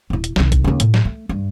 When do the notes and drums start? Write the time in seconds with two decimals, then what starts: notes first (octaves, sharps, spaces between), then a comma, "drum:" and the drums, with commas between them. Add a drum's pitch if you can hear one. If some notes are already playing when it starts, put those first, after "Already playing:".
0.10 D#1 E4
0.24 drum: hi-hat
0.36 C2 D#3, drum: snare
0.52 drum: kick, hi-hat
0.64 D#2 C#3
0.80 A2, drum: hi-hat
0.94 drum: snare
1.05 A3
1.29 G2